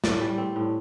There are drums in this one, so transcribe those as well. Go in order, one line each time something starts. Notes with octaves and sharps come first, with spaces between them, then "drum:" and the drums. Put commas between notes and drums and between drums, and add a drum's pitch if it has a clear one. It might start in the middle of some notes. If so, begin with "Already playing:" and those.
A2 D5, drum: snare
G3
C4
A2